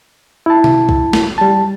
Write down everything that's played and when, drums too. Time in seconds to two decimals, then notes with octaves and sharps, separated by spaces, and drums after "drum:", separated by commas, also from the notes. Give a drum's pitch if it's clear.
0.46 E4 A5
0.64 drum: tom
0.89 drum: kick
1.13 drum: snare
1.38 G3 A5